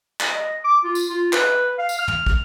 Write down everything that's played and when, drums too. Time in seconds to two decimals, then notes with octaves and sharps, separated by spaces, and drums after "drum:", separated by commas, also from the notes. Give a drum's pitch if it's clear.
0.20 drum: clap
0.31 D#5
0.64 D6
0.84 F4
0.95 drum: tambourine
1.10 F4
1.33 B4, drum: clap
1.78 F5
1.89 drum: tambourine
1.98 F6
2.08 drum: tom
2.26 drum: kick